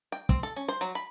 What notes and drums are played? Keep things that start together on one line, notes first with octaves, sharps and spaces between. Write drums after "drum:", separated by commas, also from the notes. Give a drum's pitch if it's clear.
G5
C4, drum: kick
A4
C#4
C5
F#3
B5